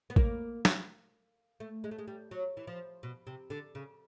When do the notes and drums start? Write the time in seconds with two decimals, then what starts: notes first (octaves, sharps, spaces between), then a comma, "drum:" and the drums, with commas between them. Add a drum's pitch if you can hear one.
0.10 B3
0.16 A#3, drum: kick A1
0.65 drum: snare
1.60 A3
1.84 G#3
1.91 A3
1.99 G#3
2.08 G3
2.31 F#3
2.57 E3
2.67 F3
3.03 B2
3.27 C3
3.50 D3
3.75 C#3